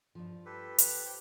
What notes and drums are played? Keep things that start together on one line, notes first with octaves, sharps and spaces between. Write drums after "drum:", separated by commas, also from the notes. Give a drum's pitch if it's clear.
G2 F3
G4 A4 B4
drum: hi-hat
G4 C5 G5